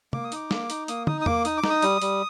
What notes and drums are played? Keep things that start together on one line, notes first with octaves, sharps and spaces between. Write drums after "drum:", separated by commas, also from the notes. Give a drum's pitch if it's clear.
A#3 D6, drum: tom
D#6
D#4 D6, drum: hi-hat
A#3, drum: snare
D#4, drum: hi-hat
A#3 D#6, drum: hi-hat
D#4 D#6, drum: tom
D#6
A#3 D6, drum: tom E2
D#4 D#6, drum: hi-hat
D6
D#4, drum: snare
D#6
G3, drum: hi-hat
G3, drum: hi-hat